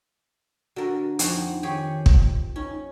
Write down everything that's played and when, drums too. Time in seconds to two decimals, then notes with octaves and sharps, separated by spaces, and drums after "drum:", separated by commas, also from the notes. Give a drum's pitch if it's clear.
0.76 D3 F#4 A#4
1.19 F2 D#4 F#4, drum: hi-hat
1.63 D#3 G4 G#4 C#5
2.06 drum: kick
2.56 C#4 D#4